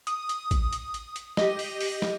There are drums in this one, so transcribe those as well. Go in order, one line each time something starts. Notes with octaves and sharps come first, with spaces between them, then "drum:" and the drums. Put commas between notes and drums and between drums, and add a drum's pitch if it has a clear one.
D#6, drum: hi-hat
drum: hi-hat
drum: kick, hi-hat
drum: hi-hat
drum: hi-hat
drum: hi-hat
G4 D#5, drum: snare
drum: open hi-hat
drum: open hi-hat
drum: snare